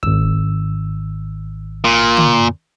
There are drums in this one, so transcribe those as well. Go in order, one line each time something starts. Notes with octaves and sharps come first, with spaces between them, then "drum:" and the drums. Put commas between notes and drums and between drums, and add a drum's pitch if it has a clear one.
G#1 E6, drum: kick
A#2
drum: tom